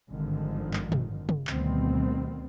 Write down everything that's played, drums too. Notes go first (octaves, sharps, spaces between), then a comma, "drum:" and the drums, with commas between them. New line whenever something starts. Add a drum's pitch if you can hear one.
G#1 G2 D3 D#3 F3
drum: clap
drum: tom
drum: tom
D2 B2 D#3 G3 B3 C4, drum: clap